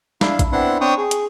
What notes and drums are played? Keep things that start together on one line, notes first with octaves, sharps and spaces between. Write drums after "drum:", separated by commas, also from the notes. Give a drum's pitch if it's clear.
D4 E4 F5, drum: snare
drum: kick A#1, hi-hat
B3 C4 D4 E4 F#5 C6
C4 D4 C#5 G5 C#6 D#6
G#4
drum: hi-hat